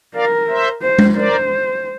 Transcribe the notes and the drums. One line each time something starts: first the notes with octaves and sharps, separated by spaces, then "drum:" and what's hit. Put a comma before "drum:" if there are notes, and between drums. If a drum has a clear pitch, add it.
A#4 D5 F5
C5 E5
C5
drum: tom G#3
A#4 C5 D5